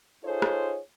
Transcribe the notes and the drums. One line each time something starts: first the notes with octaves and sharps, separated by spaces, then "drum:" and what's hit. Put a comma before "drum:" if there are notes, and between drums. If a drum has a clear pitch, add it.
D#4 F4 G#4 A4 C5 C#5
drum: rim click